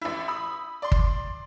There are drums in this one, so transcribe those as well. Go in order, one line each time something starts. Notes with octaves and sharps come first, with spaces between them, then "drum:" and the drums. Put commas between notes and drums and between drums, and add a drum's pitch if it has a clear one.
A1 E4
B5 D#6 E6
D5 C6
drum: kick G1